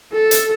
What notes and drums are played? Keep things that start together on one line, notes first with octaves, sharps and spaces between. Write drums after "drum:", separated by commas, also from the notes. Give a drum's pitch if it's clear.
A4
drum: hi-hat